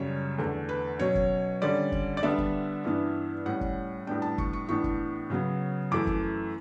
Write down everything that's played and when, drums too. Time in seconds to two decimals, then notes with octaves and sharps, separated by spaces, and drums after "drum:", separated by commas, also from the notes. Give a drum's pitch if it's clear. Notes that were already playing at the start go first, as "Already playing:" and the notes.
Already playing: F#2 C#3 G3 C#4 C#5
0.38 E2 D3 A3
0.69 B4
0.99 B2 F#3 C#4 C#5
1.15 drum: kick
1.62 D3 G3 C#4 D5
1.92 drum: kick
2.17 D5
2.23 D3 G3 B3 D4 E5
2.38 drum: kick
2.84 G2 E3 B3 D4
3.46 A2 G3 C#4 F#5
3.61 drum: kick
4.07 A2 G3 B3 D4 G5
4.22 A5
4.38 C#6, drum: kick
4.53 C#6
4.69 A2 E3 B3 D4 C#6
4.84 drum: kick
5.30 C#3 F#3 B3
5.91 F#2 E3 A3 D6
6.07 drum: kick